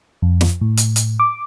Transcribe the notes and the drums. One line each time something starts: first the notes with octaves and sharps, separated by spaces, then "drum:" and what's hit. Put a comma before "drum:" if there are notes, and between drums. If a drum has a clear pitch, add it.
F2
drum: snare
A2
drum: hi-hat
drum: hi-hat
D6